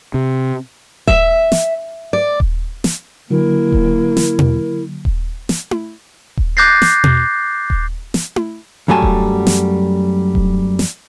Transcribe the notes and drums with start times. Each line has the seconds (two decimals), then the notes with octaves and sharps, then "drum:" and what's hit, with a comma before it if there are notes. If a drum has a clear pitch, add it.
0.14 C3
1.07 E5, drum: kick D#1
1.52 drum: snare
2.13 D5
2.40 drum: kick D#1
2.84 drum: snare
3.30 D3 F#3 A#3 E4 A#4
3.72 drum: kick D#1
4.17 drum: snare
4.39 drum: tom B2
5.05 drum: kick D#1
5.49 drum: snare
5.71 drum: tom E4
6.37 drum: kick D#1
6.57 D6 F#6 G6 A6 A#6 C7
6.82 drum: snare
7.04 drum: tom B2
7.70 drum: kick D#1
8.14 drum: snare
8.36 drum: tom E4
8.88 F#2 F#3 G3 A3 G#5 A5
9.02 drum: kick D#1
9.47 drum: snare
10.35 drum: kick D#1
10.79 drum: snare